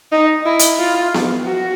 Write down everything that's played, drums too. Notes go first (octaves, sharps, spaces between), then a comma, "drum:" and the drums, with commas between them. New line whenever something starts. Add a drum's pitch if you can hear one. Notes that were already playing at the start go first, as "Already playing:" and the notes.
D#4
E4
drum: hi-hat
F4
drum: snare B3
F#4